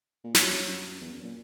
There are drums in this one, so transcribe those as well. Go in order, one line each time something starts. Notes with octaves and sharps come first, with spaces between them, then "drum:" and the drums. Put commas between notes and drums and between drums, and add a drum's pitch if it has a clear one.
A#2
G2 F#3, drum: snare
F#2
F#2
E2
F#2
A#2